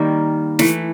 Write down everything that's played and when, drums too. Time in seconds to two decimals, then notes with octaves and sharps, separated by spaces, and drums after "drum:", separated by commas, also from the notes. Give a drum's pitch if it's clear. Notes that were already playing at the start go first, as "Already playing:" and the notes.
Already playing: D#3 G3 A#3
0.59 E3 A3, drum: snare